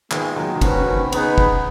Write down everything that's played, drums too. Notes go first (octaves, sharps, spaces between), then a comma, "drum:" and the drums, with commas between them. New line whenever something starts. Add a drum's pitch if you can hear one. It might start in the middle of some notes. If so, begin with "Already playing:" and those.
D#3 G#3 B3 F4 G#4, drum: clap
D#3 F#3
D#3
C#3 F3 C#4 F#4 B4, drum: kick, cymbal
C#3
D#3
C#3 B3 D#4 G#4 B4, drum: cymbal
drum: kick